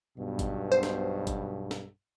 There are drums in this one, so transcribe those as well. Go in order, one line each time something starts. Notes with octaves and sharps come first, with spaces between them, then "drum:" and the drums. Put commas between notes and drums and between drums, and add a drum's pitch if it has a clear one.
B1 G2 B2
drum: kick, hi-hat
C5
drum: snare
drum: kick, hi-hat
drum: snare